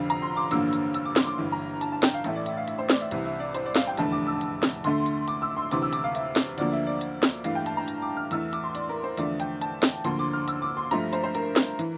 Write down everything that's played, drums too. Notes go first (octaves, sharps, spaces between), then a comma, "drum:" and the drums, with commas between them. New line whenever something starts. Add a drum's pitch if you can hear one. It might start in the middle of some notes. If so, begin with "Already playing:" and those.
Already playing: F1 F2 D3 F3 F5
A#5, drum: hi-hat
C6
D6
A1 G2 D3 F3 A#3 E6, drum: hi-hat
drum: hi-hat
E6, drum: hi-hat
D6
C6, drum: snare
D6
G1 G2 E3
A#5
A5, drum: hi-hat
A5
G5, drum: snare
F5
A1 A2 E3 A3 E5, drum: hi-hat
D5
E5, drum: hi-hat
F5
E5, drum: hi-hat
C5
D5, drum: snare
E5
C2 C3 E3 E5, drum: hi-hat
E5
D5
C5, drum: hi-hat
D5
F5, drum: snare
G5
F1 E2 D3 A3 A5, drum: hi-hat
D6
E6
drum: hi-hat
drum: snare
D2 D3 A3 C6, drum: hi-hat
drum: hi-hat
D6, drum: hi-hat
E6
C6
D2 C3 E3 D6, drum: hi-hat
E6
D6, drum: hi-hat
F5
E5, drum: hi-hat
drum: snare
D2 D3 F3 A#3 D5, drum: hi-hat
E5
D5
drum: hi-hat
drum: snare
G2 E3 A3 F5, drum: hi-hat
G5
A5, drum: hi-hat
A#5
drum: hi-hat
D6
F6
E2 E3 A3 E6, drum: hi-hat
D6, drum: hi-hat
C6
D5, drum: hi-hat
A#4
C5
E2 D3 F3 A3 D5, drum: hi-hat
G5, drum: hi-hat
A5, drum: hi-hat
drum: snare
D2 D3 F3 A#3 C6, drum: hi-hat
D6
F6
E6, drum: hi-hat
D6
C6
G2 F3 A3 A#5, drum: hi-hat
C5, drum: hi-hat
C5
A#4, drum: hi-hat
drum: snare
E3, drum: hi-hat